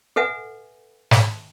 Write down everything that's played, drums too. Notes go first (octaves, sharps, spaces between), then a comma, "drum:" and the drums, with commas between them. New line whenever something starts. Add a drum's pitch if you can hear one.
A4 B4 E5 F#5 G#5
drum: snare